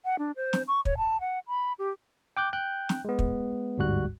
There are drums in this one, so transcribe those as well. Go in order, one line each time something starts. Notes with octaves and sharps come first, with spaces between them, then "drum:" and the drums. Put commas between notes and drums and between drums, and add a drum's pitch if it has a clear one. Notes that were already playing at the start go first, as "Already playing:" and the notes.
F#5
D4
C5
drum: snare
C#6
C#5, drum: kick
A5
F#5
B5
G4
G5 D6 F#6 G6
G5 F#6 G6
drum: snare
G#3 B3
drum: kick
G1 D2 G#2 G3 F#4 F#6